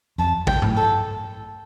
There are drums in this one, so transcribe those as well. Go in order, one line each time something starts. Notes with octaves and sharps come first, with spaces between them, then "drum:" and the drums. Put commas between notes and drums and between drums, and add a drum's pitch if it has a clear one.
F2 A5
G5, drum: kick
A2, drum: tom G2
A4